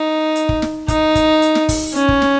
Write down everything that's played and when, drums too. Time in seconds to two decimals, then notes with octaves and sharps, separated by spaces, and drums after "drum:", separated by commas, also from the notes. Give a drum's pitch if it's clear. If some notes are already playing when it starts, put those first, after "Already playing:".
Already playing: D#4
0.36 drum: hi-hat
0.49 drum: kick
0.62 drum: snare
0.88 D#4, drum: kick, hi-hat
1.15 drum: kick, hi-hat
1.42 drum: hi-hat
1.55 drum: snare
1.69 drum: kick, open hi-hat
1.95 C#4, drum: hi-hat
2.08 drum: kick
2.22 drum: snare